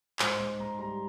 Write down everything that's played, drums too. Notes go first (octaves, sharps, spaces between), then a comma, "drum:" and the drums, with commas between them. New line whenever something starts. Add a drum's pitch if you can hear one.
G#2 C5, drum: clap
G#2
G#2 A#5
G3 A#5